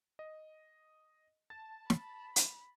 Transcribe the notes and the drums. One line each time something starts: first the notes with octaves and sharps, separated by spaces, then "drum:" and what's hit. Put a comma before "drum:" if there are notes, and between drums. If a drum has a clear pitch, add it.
D#5
A5 A6
B5, drum: snare
drum: hi-hat